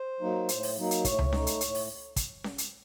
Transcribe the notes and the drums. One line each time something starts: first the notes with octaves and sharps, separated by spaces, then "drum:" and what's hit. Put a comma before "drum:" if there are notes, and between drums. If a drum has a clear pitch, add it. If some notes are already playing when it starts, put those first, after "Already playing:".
Already playing: C5
F#3 A#3 D#4
A2, drum: hi-hat
drum: open hi-hat
F#3 A#3 D#4
drum: hi-hat
A2 C#5, drum: kick, hi-hat
drum: tom C#2
A3 D#4, drum: snare C#4
drum: hi-hat
A2, drum: hi-hat
drum: open hi-hat
drum: kick, hi-hat
drum: snare C#4
drum: hi-hat